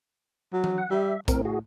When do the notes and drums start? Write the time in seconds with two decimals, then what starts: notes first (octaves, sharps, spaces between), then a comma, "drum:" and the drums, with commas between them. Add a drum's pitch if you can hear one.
0.53 F#3
0.64 drum: tom E3
0.78 F#5
0.91 G3 E5
1.28 A2 C4 A#4, drum: kick, hi-hat
1.45 F#4 G#4